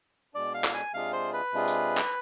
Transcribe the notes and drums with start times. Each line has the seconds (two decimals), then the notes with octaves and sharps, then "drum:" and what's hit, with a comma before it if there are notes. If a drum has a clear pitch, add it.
0.34 B2 G#3 D4 D5
0.54 F5
0.64 drum: clap
0.74 G#5
0.93 C3 G#3 D4 F4 G#4 F5
1.13 C5
1.33 B4
1.53 C3 G#3 D4 F4 G#4
1.68 drum: tambourine
1.97 drum: clap